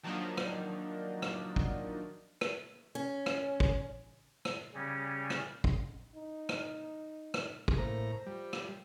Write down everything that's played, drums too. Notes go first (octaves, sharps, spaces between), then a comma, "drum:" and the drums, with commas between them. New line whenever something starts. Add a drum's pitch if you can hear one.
D#3 F3 F#3 A#3 D4 D#4
drum: rim click
drum: rim click
drum: kick
drum: rim click
C#4
drum: rim click
drum: kick
drum: rim click
C#3 G3 C#4
drum: rim click
drum: kick
D#4
drum: rim click
drum: rim click
drum: kick
A2 A#3 C5 A#5
F3 G3
drum: rim click